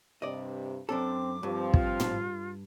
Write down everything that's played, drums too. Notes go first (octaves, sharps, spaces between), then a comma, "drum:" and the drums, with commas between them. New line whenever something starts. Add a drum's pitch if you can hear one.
G2 C3 D5 D#5
F#2 C4 D4 A4 D6
G2 F3 C4
F4, drum: kick
drum: tom